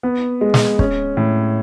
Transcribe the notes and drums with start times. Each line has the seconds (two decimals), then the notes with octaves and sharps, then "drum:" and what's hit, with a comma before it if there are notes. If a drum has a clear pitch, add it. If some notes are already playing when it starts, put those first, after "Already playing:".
0.03 B3
0.41 G#3
0.54 drum: snare
0.79 C#4, drum: kick
1.17 A2